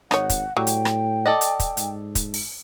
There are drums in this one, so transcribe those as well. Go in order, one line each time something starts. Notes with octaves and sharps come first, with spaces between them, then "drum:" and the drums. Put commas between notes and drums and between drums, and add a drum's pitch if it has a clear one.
G#1 D#4 C#5 F#5, drum: rim click
drum: kick, hi-hat
A2 F#3 G3 G5
drum: hi-hat
drum: rim click
A4 D5 D#5
drum: hi-hat
drum: kick, hi-hat
G#2, drum: hi-hat
drum: kick, hi-hat
drum: open hi-hat